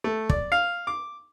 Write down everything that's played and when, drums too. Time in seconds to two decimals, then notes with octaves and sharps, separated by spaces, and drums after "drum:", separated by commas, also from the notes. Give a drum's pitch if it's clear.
0.04 A3
0.30 D5, drum: kick
0.52 F5
0.87 D6